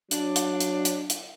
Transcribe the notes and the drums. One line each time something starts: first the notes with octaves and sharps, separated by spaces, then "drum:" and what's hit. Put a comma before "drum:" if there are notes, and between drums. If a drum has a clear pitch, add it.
F#3 D4, drum: hi-hat
drum: hi-hat
drum: hi-hat
drum: hi-hat
drum: hi-hat